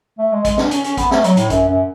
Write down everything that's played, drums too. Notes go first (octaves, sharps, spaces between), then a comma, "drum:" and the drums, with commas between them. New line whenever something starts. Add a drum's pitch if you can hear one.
A3
G#3
G#3, drum: kick, hi-hat
D4, drum: snare
C#4, drum: hi-hat
C#4, drum: hi-hat
B3, drum: kick, hi-hat
A3, drum: snare
F#3, drum: hi-hat
A2, drum: hi-hat
F#2, drum: kick, hi-hat
F#2